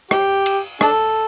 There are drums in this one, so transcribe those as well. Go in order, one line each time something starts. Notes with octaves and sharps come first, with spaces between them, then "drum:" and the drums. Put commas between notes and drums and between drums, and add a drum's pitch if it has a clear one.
G4, drum: rim click
drum: cymbal
D4 A4, drum: rim click